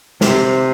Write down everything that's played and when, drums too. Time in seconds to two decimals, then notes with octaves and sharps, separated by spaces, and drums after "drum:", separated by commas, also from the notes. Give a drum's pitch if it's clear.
0.21 C3, drum: snare